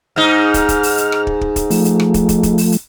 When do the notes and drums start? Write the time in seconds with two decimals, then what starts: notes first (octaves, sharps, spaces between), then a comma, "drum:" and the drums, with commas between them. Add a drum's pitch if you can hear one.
0.16 G#2 D#4 F6
0.54 drum: kick, hi-hat
0.69 drum: kick, hi-hat
0.83 drum: open hi-hat
0.98 drum: hi-hat
1.12 drum: rim click
1.27 drum: kick
1.41 drum: kick
1.56 drum: kick, hi-hat
1.70 F3 A3, drum: open hi-hat
1.85 drum: hi-hat
2.00 drum: rim click
2.14 drum: kick, hi-hat
2.29 drum: kick, hi-hat
2.43 drum: kick, hi-hat
2.58 drum: open hi-hat
2.72 drum: hi-hat